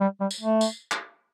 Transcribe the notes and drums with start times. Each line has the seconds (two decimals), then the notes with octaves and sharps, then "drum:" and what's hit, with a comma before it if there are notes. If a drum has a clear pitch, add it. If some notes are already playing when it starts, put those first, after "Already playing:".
0.01 G3
0.20 G3
0.31 drum: tambourine
0.41 A3
0.61 drum: tambourine
0.91 drum: clap